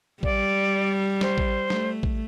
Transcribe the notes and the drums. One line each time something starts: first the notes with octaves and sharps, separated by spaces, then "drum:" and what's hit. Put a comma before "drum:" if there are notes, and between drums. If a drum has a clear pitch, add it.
G3 D5, drum: kick A1
C5, drum: snare
drum: kick A1
A3, drum: snare
drum: kick A1